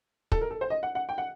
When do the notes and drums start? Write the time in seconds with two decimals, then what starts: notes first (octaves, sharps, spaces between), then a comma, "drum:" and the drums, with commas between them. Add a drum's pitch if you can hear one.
0.32 A4, drum: kick
0.41 A#4
0.51 A4
0.61 C5
0.70 D#5
0.83 F#5
0.95 F#5
1.09 G5
1.18 F#5